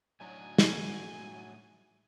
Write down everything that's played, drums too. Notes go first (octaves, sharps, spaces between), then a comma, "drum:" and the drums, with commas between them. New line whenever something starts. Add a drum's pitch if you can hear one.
A2 F#3 D4 D#4 G#5
drum: snare